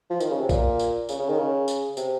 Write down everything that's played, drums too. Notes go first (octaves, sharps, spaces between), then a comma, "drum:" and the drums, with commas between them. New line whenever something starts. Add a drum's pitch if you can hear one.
F3
D#3, drum: tambourine
C#3
C3
A#2, drum: kick A#1, tambourine
drum: tambourine
C#3, drum: tambourine
C#3
D#3
C#3
drum: tambourine
C3, drum: tambourine